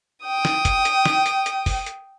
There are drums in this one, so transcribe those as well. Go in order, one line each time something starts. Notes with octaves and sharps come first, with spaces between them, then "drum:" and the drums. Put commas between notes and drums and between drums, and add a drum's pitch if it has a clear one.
G5 D#6
drum: snare
drum: kick, hi-hat
drum: hi-hat
drum: snare
drum: hi-hat
drum: hi-hat
drum: kick, open hi-hat
drum: hi-hat